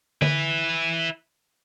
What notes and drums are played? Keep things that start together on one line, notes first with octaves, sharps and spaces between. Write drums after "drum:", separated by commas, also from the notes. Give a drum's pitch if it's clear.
E4 B4, drum: tom D3